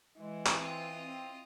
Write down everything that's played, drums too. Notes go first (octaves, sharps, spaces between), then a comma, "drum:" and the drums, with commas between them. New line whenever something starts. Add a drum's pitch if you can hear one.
E3 G#3
drum: clap
C4 F4 D#5
C4